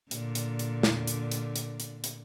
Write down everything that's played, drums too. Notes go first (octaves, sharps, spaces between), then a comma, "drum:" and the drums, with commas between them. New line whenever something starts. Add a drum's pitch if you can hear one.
A#2 D3, drum: hi-hat
drum: hi-hat
drum: hi-hat
drum: snare
drum: hi-hat
drum: hi-hat
drum: hi-hat
drum: hi-hat
drum: hi-hat